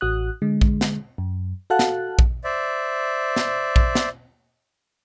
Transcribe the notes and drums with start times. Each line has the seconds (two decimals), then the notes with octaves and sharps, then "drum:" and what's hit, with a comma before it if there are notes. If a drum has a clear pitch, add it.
0.01 A1 F#4 D#6 F#6
0.42 D3 G#3
0.61 drum: kick A#1
0.81 drum: snare
1.18 F#2
1.70 F#4 A4 F5 F#5 A5 F#6
1.79 drum: snare
2.19 drum: kick A#1
2.44 C5 D5 E5
3.36 drum: snare
3.76 drum: kick A#1
3.95 drum: snare